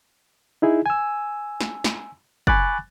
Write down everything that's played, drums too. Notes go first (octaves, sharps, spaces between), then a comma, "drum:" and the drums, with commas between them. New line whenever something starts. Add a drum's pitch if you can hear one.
D#4 E4 G#4
G#5 E6
drum: snare
drum: snare
G#5 B5 C#6 D6 F#6 A6, drum: kick F#1